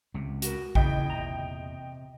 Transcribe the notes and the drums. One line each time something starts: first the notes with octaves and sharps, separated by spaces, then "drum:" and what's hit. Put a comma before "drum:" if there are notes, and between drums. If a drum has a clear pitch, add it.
C#2 C3
F#4 A#4 B4, drum: hi-hat
E2 A#2 C#3 E4 D#5 G5, drum: kick
C3 A#5